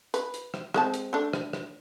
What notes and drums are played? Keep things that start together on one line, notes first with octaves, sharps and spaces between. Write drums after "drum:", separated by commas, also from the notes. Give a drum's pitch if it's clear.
B4, drum: hi-hat
drum: hi-hat
drum: rim click
G#3 C4 A5, drum: rim click
drum: hi-hat
A3 D4
drum: rim click
drum: rim click